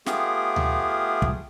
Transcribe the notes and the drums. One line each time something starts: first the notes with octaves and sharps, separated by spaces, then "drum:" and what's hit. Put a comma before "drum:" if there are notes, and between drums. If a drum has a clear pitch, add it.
A3 B3 F4 G4 G#4, drum: snare
drum: tom D2
drum: kick